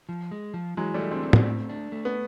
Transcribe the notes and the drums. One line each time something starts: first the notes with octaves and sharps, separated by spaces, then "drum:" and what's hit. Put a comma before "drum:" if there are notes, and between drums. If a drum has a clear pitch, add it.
F3
G#3
F3
E3 F#3 G#3
G3 A3
G#3
C4 D4
C4
drum: tom
A3
D4
A3
B3